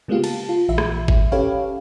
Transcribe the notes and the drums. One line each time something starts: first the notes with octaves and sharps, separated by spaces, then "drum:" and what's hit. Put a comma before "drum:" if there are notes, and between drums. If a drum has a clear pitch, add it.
C#3 G#3 A#3 B3 F4 G4
A5, drum: cymbal
F4
A#1 E3 E5
drum: rim click
drum: kick G1
C#4 G4 A4 B4 C#5 F5